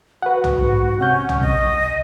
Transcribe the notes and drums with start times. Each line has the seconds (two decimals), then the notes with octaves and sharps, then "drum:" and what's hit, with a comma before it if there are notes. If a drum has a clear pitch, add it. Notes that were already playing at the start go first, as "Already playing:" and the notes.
0.22 F#4 B4 F#5
0.44 drum: tom
0.61 G#2
0.99 C3 C#4 F#5 G6
1.29 drum: tom
1.41 C2 D#5